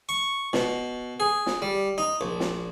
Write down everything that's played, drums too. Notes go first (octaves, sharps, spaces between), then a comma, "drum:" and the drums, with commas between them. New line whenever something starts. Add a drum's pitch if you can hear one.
C#6
B2, drum: snare
G#4
drum: snare
G3
D#4
A#1
drum: snare